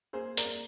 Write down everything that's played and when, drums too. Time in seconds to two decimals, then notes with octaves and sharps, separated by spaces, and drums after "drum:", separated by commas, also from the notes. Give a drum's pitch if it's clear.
0.13 A#3 G#4 C5
0.37 A#4 D5, drum: hi-hat
0.45 A#3